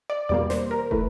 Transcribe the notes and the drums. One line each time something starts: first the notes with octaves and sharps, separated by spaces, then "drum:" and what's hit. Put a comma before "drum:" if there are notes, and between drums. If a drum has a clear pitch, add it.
D5
E2 B2 G3 A#3 D5
C5, drum: snare
A#4
E3 A3 B4, drum: kick